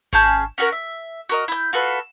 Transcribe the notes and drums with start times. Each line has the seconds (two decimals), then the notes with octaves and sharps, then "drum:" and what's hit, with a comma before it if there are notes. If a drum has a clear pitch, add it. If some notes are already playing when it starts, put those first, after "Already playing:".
0.13 C#4 G#4 A5 G6, drum: kick G#1
0.58 C#4 F#4 G4 A#4
0.72 E5
1.29 F#4 A#4 D#5
1.48 E4 G6
1.73 F4 F#4 A4 B4